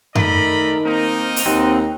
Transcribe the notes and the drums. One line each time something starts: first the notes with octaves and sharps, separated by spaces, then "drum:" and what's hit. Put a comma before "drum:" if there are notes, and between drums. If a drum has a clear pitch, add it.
D#3 A3 A#4 D5 D#5 B5, drum: tom F#2
A#3 C4 D#4 A#4 D#5
drum: open hi-hat
D#2 C4 F#5